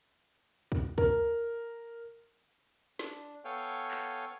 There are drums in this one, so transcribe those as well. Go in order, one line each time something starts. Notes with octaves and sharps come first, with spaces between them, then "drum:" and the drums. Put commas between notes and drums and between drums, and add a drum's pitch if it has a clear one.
drum: kick
A#4, drum: kick
D4, drum: snare
B3 A4 C#5 F5 G5 G#5
drum: clap